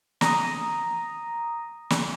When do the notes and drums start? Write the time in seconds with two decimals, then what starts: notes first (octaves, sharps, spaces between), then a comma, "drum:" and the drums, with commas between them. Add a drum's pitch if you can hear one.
0.21 A#5 D#6, drum: snare
1.90 drum: snare